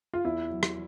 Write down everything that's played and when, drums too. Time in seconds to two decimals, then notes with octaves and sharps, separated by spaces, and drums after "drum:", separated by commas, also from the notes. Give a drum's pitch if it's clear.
0.14 F4
0.25 E2 E4
0.50 F#3
0.63 drum: rim click